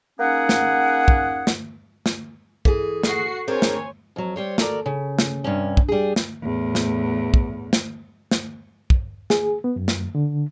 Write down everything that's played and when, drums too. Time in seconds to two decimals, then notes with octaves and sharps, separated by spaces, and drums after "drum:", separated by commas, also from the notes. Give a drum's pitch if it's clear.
0.20 A#3 C#4 D#4 G#4 F#5
0.49 drum: snare
1.08 drum: kick
1.47 drum: snare
2.06 drum: snare
2.65 E3 G#4 A4, drum: kick
3.03 F#4 C7 C#7, drum: snare
3.48 C4 D4 G#4 A#4 C5 C#5 G#5
3.62 drum: snare
4.16 F2 F#3
4.36 G3 C5 C#5
4.58 F#4 A4 A#4 D5, drum: snare
4.86 C#3
5.19 drum: snare
5.44 G2 C3 C#4
5.77 drum: kick
5.89 G3 G#4
6.16 drum: snare
6.42 E2 A2
6.75 drum: snare
7.34 drum: kick
7.73 drum: snare
8.31 drum: snare
8.90 drum: kick
9.30 G#4, drum: snare
9.64 B3
9.76 F#2
9.88 drum: snare
10.15 D3